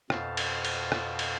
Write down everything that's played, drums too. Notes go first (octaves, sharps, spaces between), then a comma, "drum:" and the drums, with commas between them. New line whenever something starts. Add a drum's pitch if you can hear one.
F2 B2 C5 F5 A5, drum: rim click
drum: cymbal
drum: cymbal
drum: rim click
drum: cymbal